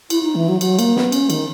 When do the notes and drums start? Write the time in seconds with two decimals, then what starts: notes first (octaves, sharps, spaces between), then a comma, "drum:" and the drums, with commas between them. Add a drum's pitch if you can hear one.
0.10 E4, drum: cymbal
0.23 D#4
0.35 E3
0.48 F#3
0.61 F#3, drum: cymbal
0.79 A#3, drum: cymbal
0.96 B3, drum: snare
1.12 C#4, drum: cymbal
1.30 D#3, drum: cymbal